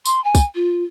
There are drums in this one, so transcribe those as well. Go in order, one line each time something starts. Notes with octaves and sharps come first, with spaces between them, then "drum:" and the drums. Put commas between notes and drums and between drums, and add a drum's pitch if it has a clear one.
C6, drum: tambourine
G#5
drum: kick, tambourine
F4